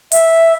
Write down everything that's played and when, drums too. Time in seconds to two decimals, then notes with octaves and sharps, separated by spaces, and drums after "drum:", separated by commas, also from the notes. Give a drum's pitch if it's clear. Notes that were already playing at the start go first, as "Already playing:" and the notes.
0.12 E5, drum: hi-hat